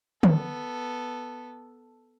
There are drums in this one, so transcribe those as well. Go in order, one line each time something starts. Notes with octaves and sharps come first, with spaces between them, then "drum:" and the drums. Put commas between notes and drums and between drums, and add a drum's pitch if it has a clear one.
B3 A4, drum: tom